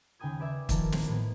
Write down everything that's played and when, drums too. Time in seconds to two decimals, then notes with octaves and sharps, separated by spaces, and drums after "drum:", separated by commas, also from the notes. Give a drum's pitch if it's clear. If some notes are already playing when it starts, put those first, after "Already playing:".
0.20 D#2 C#3 G5 G#5 D#6 G#6
0.39 B4 D5 E5 D6 G#6
0.69 D#3 F3 A#4 A5, drum: kick, hi-hat
0.93 A#3 C5, drum: snare
1.07 A2 A#3 B3